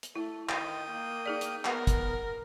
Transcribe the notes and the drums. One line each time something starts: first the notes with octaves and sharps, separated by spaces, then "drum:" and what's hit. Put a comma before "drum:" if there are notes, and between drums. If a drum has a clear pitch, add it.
drum: hi-hat
A3 E4
D#3 G5 D#6, drum: clap
A#3
D#4 G#4 D5
drum: hi-hat
B3 A#4 F#5, drum: clap
drum: kick, hi-hat